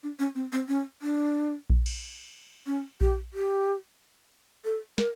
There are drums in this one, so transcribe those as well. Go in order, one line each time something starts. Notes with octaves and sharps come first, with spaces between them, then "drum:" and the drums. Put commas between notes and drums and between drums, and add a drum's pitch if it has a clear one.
D4
C#4
C4
C4
C#4
D4
drum: kick A#1
drum: cymbal
C#4
G4, drum: kick A#1
G4
A4
A#4, drum: snare